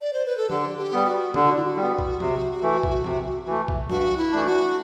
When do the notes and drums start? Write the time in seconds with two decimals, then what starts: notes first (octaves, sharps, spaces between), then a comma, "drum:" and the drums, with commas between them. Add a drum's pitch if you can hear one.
0.01 D5
0.13 C5
0.26 B4
0.37 A4
0.50 D3 G4, drum: tom
0.78 G4
0.92 G3 B3
1.06 F#4
1.34 D3 G4, drum: tom C#3
1.45 F#4
1.56 E4
1.65 F#4
1.77 G3 B3
1.99 drum: kick B1
2.20 C3, drum: tom
2.62 E3 A3
2.83 drum: kick B1
3.04 C3, drum: tom
3.47 E3 A3
3.68 drum: kick B1
3.90 G2 F#4, drum: tom
4.17 E4
4.32 E3 A3 D4
4.46 F#4